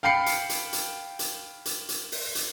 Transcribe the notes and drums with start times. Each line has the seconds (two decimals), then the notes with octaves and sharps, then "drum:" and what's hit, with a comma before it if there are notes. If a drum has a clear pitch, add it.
0.03 F5 G5 B5 C7 C#7
0.26 drum: hi-hat
0.49 drum: hi-hat
0.73 drum: hi-hat
1.19 drum: hi-hat
1.65 drum: hi-hat
1.89 drum: hi-hat
2.12 drum: open hi-hat
2.35 drum: hi-hat